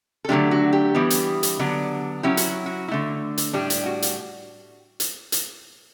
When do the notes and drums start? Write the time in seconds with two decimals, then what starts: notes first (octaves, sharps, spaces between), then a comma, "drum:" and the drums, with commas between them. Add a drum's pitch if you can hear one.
0.25 A4
0.29 D3 F#3 A3 D4 G4
0.51 F#4
0.73 G4
0.95 E3 G3 B3
1.10 drum: hi-hat
1.43 drum: hi-hat
1.59 D3 F#3 B3 D4
2.23 F#3 C#4 E4 G4
2.37 F#4, drum: hi-hat
2.66 F#4
2.88 E4
2.91 D3 A3
3.38 drum: hi-hat
3.53 A2 G3 D4 G4
3.70 drum: hi-hat
3.86 F#4
4.02 drum: hi-hat
5.00 drum: hi-hat
5.32 drum: hi-hat